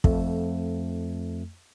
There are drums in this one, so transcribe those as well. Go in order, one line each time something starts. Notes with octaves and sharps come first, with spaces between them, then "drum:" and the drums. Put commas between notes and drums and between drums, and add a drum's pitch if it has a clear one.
F2 A3, drum: kick